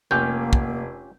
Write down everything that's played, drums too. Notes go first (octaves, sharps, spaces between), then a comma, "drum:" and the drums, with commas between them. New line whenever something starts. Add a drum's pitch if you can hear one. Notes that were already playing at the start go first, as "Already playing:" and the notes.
F1 A#3 C#4 F4 G4 G6
drum: kick